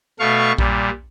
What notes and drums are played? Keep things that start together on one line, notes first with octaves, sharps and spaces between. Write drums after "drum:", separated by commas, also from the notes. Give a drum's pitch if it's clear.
B2 A3 F5 C#6
A#2 G3, drum: kick A#1